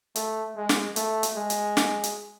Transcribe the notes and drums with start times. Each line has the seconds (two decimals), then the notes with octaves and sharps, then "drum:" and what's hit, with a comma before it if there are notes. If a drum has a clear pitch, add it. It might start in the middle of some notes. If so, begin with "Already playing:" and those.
0.16 A3, drum: hi-hat
0.56 G#3
0.69 drum: snare
0.96 A3, drum: hi-hat
1.23 drum: hi-hat
1.37 G#3
1.50 drum: hi-hat
1.77 drum: snare
2.04 drum: hi-hat